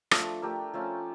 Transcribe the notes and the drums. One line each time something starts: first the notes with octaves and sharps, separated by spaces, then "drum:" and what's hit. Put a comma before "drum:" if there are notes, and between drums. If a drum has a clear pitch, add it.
F3 A3 D4, drum: rim click
A3 D4 G4 A#4
F3 A3 C#4